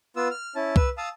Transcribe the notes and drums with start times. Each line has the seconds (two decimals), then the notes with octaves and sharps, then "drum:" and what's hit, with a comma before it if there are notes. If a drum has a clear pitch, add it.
0.16 B3 F4 E6
0.31 F6
0.55 C#4 E4 A5
0.76 B4 E6, drum: kick C2
0.98 F5 A5 D#6 E6